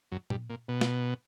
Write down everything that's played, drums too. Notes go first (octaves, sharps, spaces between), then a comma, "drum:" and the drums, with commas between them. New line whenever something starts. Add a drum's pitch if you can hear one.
F#2
G2, drum: tom A#2
A#2
B2
drum: snare